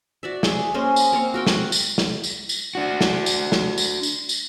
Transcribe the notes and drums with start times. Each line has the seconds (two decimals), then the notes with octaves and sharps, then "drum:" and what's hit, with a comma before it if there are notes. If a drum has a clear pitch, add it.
0.23 F#4 D5 E5
0.43 G#4 E5, drum: snare
0.74 A#3 C#4 C5 D#5
0.96 D#5, drum: tambourine
1.12 A#3 C4 F5 C#6
1.34 F#4 A#4 G5
1.47 drum: snare
1.72 drum: tambourine
1.98 drum: snare
2.24 drum: tambourine
2.49 drum: tambourine
2.75 D4 F#4
3.01 drum: snare
3.26 drum: tambourine
3.52 drum: snare
3.78 drum: tambourine
4.03 drum: tambourine
4.29 drum: tambourine